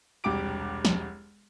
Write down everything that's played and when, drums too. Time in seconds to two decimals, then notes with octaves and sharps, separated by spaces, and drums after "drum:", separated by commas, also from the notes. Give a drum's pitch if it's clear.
0.24 E1 C2 G4 D6 D7
0.85 drum: snare